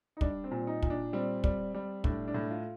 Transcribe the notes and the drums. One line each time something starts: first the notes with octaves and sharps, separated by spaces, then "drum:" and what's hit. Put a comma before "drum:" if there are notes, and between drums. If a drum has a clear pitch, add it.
D#4
G3 D4, drum: kick
C4
A#2
D#4
A#2, drum: kick
D4
G3 C4
G3, drum: kick
G3
A2 D4, drum: kick
D4
A2
F4